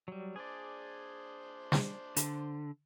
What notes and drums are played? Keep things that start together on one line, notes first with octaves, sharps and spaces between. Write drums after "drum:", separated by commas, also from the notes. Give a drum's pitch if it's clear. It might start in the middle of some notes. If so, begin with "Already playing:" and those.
F#3 G3
D4 G#4 C5 D5
drum: snare
D3, drum: hi-hat